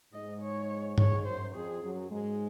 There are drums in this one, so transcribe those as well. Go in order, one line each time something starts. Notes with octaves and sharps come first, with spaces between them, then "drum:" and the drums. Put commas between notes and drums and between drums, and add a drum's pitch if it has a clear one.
G#2 G#3 D#5
C#5
G#2 G#3 C#5, drum: tom
F#2 F#3 C5
F2 F3 G#4
F#2 F#3
G#2 G#3